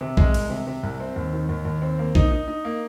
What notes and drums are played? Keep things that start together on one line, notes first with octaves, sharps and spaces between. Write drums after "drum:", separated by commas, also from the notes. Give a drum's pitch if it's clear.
C3
G#3, drum: kick A#1
C2, drum: cymbal
C3
C3
C2
C4
D#2
D#3
D#2
D#2
C4
A#3
D#4, drum: kick A#1
D#4
D#4
A#3